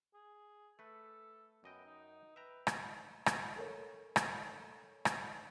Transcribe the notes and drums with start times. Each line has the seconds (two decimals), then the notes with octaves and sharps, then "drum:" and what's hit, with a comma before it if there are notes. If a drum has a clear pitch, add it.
0.14 G#4
0.79 A3 A4 B4
1.64 F#2 B3 D#5 G5
1.86 D#4
2.36 B4 E5 G5 A#5
2.67 drum: rim click
3.26 drum: rim click
3.56 A4 A#4 C#5
4.16 drum: rim click
5.05 drum: rim click